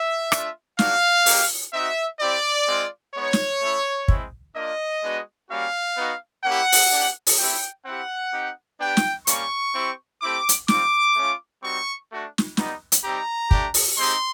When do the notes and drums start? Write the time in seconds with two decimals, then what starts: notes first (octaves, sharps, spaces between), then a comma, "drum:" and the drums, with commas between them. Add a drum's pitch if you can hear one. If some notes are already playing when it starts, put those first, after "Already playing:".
Already playing: E5
0.32 A3 D4 F4, drum: rim click
0.79 A#3 D4 F#4 F5, drum: snare
1.26 A#3 D#4 G4, drum: open hi-hat
1.73 C4 D#4 F#4 E5
2.20 C4 E4 G4 D5
2.68 G#3 C4 F4
3.14 G#3 B3 D#4 C#5
3.33 drum: snare
3.62 A3 C#4 E4
4.08 G#3 C4 E4, drum: kick
4.55 A#3 D4 F4 D#5
5.03 G#3 B3 D4 F#4
5.50 G3 A#3 C#4 F#4 F5
5.97 B3 D#4 F#4
6.44 A#3 C#4 E4 G4 F#5
6.72 drum: open hi-hat
6.92 A#3 D4 G4
7.27 drum: open hi-hat
7.38 A3 C4 E4 G4 G5
7.85 C4 E4 G4 F#5
8.33 C4 D#4 G4
8.80 B3 D4 G4 G5
8.97 drum: snare
9.27 G3 A#3 C#4 C#6, drum: hi-hat
9.75 C4 E4 G4
10.22 A3 C4 E4 G4 D6
10.49 drum: hi-hat
10.68 G3 C4 F4 D6, drum: snare
11.15 A3 C#4 F4
11.63 G3 C4 D#4 F#4 C#6
12.10 A3 D4 F#4
12.38 drum: snare
12.57 G3 B3 D#4, drum: snare
12.92 drum: hi-hat
13.04 G3 C4 D#4 G4 A#5
13.51 A3 D4 G4, drum: kick
13.74 drum: open hi-hat
13.98 G#3 C4 D#4 G4 C6